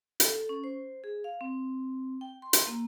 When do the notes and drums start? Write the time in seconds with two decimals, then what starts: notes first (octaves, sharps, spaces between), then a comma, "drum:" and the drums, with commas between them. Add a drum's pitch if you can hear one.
0.20 A4, drum: hi-hat
0.49 C#4
0.64 C5
1.04 G#4
1.24 F5
1.41 C4
2.21 G5
2.42 C6
2.53 drum: hi-hat
2.67 A#3